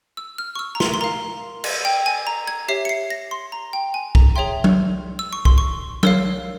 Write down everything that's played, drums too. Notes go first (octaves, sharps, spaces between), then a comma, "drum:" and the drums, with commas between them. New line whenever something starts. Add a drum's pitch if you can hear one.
E6
F6
C#6
E6
A#5
C6, drum: snare
C6
A#4 F5 A#5
drum: cymbal
G5
G#5
A#5
G#6
G4 C#5 E5 C7
C#7
C7
A#6
C6
A#5
G5
G#5
A#5, drum: kick B1
G#4 C#5 E5 G5 C6
drum: tom F#3
E6
C#6
C6, drum: kick B1
C#6
A#4 C#5 F5 E6, drum: tom F#3